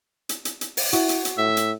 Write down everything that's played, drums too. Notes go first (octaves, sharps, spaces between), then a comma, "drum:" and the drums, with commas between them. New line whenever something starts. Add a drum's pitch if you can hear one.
drum: hi-hat
drum: hi-hat
drum: hi-hat
drum: open hi-hat
E4 F#4, drum: hi-hat
drum: hi-hat
drum: hi-hat
A2 E5
drum: hi-hat